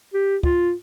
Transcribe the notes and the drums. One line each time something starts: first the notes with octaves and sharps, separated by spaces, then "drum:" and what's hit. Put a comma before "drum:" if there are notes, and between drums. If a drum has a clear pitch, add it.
G4
F4, drum: kick